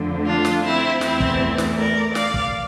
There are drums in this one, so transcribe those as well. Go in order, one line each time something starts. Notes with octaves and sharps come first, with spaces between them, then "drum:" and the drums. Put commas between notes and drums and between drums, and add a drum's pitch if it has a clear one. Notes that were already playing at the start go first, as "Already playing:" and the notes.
Already playing: F2 D3 F3 A3
D4 F4
drum: snare
C4 E4
E2 E3 A3 C4 E4, drum: snare
drum: kick
drum: snare
A#4 D5
D5 F5, drum: snare
drum: kick